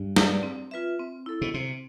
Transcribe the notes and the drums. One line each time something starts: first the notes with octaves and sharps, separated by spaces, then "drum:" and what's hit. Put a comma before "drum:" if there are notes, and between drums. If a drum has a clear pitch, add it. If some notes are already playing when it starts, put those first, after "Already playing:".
Already playing: G2
G4 B4 D5, drum: snare
C4
F4 B4 E5
C4
E4 A4
B2
C3 C4